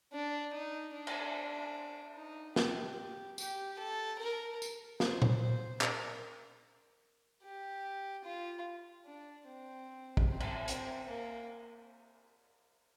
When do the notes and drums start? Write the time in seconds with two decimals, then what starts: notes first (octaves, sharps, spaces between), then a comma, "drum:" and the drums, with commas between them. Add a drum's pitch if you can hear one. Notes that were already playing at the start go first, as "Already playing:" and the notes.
0.13 D4
0.53 D#4
0.94 D4
1.07 drum: cymbal
2.16 D#4
2.56 G4, drum: snare
3.38 G4, drum: tambourine
3.79 A4
4.19 A#4
4.62 drum: tambourine
5.00 C5, drum: snare
5.22 drum: tom A#2
5.41 C5
5.81 A#4, drum: clap
7.43 G4
8.24 F4
9.05 D4
9.47 C4
10.17 drum: kick
10.28 C4
10.40 drum: cymbal
10.68 C4, drum: hi-hat
11.08 A#3